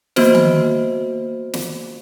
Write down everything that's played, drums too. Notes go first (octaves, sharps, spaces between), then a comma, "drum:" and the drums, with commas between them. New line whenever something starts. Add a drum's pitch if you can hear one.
A#3 B3 F#4 C5, drum: snare
drum: tom D#3
drum: snare